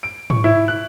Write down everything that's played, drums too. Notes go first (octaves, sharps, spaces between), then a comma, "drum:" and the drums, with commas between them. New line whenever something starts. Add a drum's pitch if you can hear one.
D7
C#6, drum: tom G#2
E4
F#6